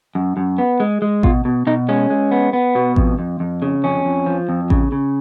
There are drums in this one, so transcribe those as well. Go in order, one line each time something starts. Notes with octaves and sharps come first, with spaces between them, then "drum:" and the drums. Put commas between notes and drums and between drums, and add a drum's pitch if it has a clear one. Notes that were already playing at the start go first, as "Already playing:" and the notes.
F#2
F#2
B3
G#3
G#3
B2 F4, drum: kick A1
B2
B2 D#4
G#3 C#4
G#3
B3
B3
B2
F2, drum: kick A1
F2
F2
C#3
F2 C#4
F2
F3
F2
C#3, drum: kick A1
C#3